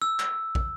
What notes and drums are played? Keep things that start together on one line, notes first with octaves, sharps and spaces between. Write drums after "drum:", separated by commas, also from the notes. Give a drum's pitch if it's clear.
E6
drum: clap
drum: kick